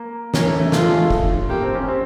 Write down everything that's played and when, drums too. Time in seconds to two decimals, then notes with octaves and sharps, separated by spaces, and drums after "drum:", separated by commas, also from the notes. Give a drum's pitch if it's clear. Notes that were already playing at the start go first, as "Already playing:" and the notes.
Already playing: A#3
0.34 A#3 C#4, drum: snare
0.46 A3
0.60 A3
0.72 A3 F4, drum: snare
0.84 G#3
0.98 A3
1.10 drum: kick
1.49 A#3 G4
1.62 C4
1.75 C#4
1.88 C4